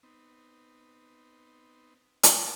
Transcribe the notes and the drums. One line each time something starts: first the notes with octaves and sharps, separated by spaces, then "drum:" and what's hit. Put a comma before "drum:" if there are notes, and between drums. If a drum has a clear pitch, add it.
B3 C4 D#4
drum: hi-hat